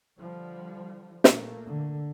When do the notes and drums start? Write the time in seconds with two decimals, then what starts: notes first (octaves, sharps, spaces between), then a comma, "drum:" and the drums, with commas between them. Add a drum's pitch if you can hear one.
0.19 D3 F3 G3
1.24 A#2 A3 A#3, drum: snare
1.66 D3